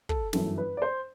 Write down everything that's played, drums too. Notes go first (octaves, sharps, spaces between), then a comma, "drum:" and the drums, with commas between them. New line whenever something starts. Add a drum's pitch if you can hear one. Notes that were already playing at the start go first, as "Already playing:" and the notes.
A4, drum: kick
G1 F#2 E3 A4, drum: snare
B4
D5
C5